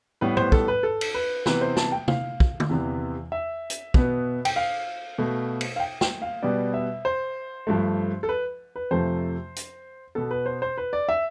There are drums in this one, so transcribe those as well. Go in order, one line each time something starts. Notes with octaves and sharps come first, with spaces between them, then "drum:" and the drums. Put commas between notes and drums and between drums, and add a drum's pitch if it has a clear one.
A2 G3 B3 B4
C5, drum: tom G#2
A4, drum: kick
B4
A4
drum: cymbal
B4
C3 E3 B3 B4, drum: snare
C5
A5, drum: snare
G5
F5, drum: tom
drum: kick
drum: tom
E2 C3 E3 B3
E5
drum: hi-hat
B2 B3, drum: kick
G5, drum: cymbal
F5
B2 A3
drum: cymbal
F5
G5
G5, drum: snare
F5
B2 G3 B3 D5
E5
C5
G2 F3 A3
A4
B4
B4
F2 C3 F3 A3 C5
drum: hi-hat
B2 B3 A4
B4
C5
C5
B4
D5
E5